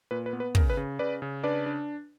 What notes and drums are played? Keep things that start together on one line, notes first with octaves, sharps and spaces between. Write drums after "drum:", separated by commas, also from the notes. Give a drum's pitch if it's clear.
A#2 B4
B4
B3
B4
C#3 A#4, drum: kick
B4
C#3
C#3 B4 D5
C#3
D4 B4 D5
D4